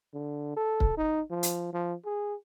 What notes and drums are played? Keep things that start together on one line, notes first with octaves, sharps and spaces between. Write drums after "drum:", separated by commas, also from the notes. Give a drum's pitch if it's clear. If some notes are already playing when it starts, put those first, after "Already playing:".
D3
A4
drum: kick C#1
D#4
F3
drum: hi-hat
F3
G#4